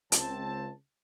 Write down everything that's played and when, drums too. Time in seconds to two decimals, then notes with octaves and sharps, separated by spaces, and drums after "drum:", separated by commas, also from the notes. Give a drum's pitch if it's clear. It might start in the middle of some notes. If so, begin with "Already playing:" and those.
0.12 C#2 C4 A5, drum: hi-hat